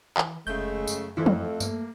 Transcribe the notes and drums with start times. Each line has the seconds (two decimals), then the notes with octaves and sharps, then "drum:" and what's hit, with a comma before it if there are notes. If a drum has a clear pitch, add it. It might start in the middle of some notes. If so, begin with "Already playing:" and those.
0.18 E3, drum: clap
0.47 F1 C#3 G#3 A3 G6
0.88 F#2, drum: tambourine
1.17 F2 E3 F3 A3 E4
1.26 drum: tom
1.60 G2 A#3, drum: tambourine